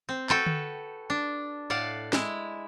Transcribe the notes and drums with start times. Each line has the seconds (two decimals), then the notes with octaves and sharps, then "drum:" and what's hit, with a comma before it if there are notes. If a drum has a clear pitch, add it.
0.09 C4
0.30 F#4 A4 B4 G5, drum: clap
0.46 drum: tom D3
1.10 D4
1.70 A2 D5 F5 F#5
2.13 G#3 E4, drum: snare